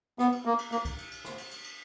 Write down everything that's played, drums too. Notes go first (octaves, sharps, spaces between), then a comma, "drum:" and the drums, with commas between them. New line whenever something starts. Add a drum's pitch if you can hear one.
B3, drum: rim click
drum: cymbal
A#3
drum: cymbal
A#3, drum: cymbal
drum: kick C2, cymbal
drum: cymbal
drum: cymbal
drum: rim click
drum: cymbal
drum: cymbal
drum: cymbal